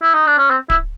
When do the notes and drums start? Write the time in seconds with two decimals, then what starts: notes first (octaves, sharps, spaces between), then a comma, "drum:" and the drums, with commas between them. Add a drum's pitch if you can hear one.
0.02 E4
0.14 D#4
0.26 D4
0.38 C#4
0.50 C4
0.70 E4, drum: kick D1